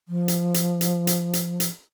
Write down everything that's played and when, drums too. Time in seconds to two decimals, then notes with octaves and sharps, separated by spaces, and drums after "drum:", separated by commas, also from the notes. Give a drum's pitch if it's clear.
0.08 F3
0.28 drum: hi-hat
0.54 drum: hi-hat
0.81 drum: hi-hat
1.07 drum: hi-hat
1.33 drum: hi-hat
1.60 drum: hi-hat